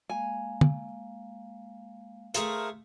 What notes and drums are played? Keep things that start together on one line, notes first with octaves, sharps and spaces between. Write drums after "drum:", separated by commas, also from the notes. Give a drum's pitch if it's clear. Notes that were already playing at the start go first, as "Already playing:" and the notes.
G#3 A#3 F5 G#5
drum: tom
A3 G#4 A#4 C5 F5, drum: hi-hat